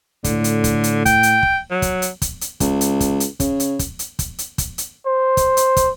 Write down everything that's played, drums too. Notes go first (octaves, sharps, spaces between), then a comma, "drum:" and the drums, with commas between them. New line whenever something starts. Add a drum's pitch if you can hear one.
A2 D3, drum: kick, hi-hat
drum: hi-hat
drum: kick, hi-hat
drum: hi-hat
G5, drum: kick, hi-hat
drum: hi-hat
drum: kick
F#3
drum: kick, hi-hat
drum: hi-hat
drum: kick, hi-hat
drum: hi-hat
C#2, drum: kick, hi-hat
drum: hi-hat
drum: kick, hi-hat
drum: hi-hat
C#3, drum: kick, hi-hat
drum: hi-hat
drum: kick, hi-hat
drum: hi-hat
drum: kick, hi-hat
drum: hi-hat
drum: kick, hi-hat
drum: hi-hat
C5
drum: kick, hi-hat
drum: hi-hat
drum: kick, hi-hat